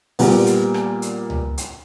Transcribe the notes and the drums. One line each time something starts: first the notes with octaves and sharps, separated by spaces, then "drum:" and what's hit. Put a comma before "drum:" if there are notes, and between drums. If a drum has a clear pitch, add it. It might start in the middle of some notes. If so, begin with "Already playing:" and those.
A#2 G3 B3, drum: open hi-hat
drum: hi-hat
drum: rim click
drum: hi-hat
drum: tom C#2
drum: hi-hat